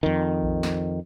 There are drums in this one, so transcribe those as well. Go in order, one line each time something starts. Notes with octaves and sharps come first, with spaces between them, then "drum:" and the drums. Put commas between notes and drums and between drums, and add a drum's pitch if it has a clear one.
F2 D#3
drum: kick A#1
drum: snare